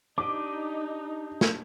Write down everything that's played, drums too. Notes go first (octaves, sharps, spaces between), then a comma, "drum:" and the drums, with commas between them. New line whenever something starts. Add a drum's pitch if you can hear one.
D4 D#4 G4 D#5 D6
drum: snare